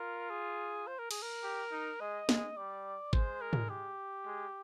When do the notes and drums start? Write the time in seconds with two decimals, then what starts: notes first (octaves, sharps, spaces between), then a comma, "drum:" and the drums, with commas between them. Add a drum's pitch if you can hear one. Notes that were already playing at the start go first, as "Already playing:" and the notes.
Already playing: F4 A#4
0.30 G#4
0.87 C5
0.99 A#4
1.11 G#4, drum: cymbal
1.22 A#4
1.43 G4
1.72 D#4
2.00 G#3 D#5
2.29 G#3, drum: snare
2.56 G3 D5
3.13 G#3 C5, drum: kick G#1
3.41 A#4
3.53 drum: tom
3.70 G4
4.26 G#3